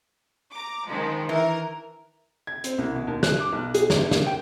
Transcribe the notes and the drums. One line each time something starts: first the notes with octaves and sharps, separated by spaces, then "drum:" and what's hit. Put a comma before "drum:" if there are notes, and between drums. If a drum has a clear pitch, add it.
A#5 D6
D#3 F3 G#3
E3 A#4
G#6
C4, drum: hi-hat
C2
B2
D#2
F#6, drum: snare
D6
B1
G#4, drum: hi-hat
G1, drum: snare
A#3, drum: snare
G5